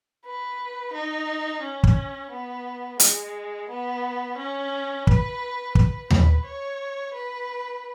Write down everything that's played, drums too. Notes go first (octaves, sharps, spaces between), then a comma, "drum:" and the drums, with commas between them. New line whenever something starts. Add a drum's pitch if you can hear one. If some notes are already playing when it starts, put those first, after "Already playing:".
B4
D#4
C#4
drum: kick
B3
G#3, drum: hi-hat
B3
C#4
B4, drum: kick
B4, drum: kick
B4, drum: tom D#2
C#5
B4